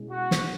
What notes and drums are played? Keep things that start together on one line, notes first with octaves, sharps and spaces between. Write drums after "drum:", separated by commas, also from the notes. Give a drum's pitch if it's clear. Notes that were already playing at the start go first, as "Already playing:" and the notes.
Already playing: B2 G#3 C#4 E4 G#4
F#4
drum: snare